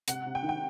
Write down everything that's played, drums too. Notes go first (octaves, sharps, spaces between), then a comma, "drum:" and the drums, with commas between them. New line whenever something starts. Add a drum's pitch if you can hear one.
C3 F#5, drum: hi-hat
C3
G5
D#3
G5